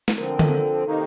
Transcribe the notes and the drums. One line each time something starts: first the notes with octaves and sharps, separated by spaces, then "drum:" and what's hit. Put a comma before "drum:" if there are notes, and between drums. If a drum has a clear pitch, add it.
drum: snare
D3 F3 C4 A#4
A#4
A4, drum: tom D3
A4
C3 D#3 A#3 D#4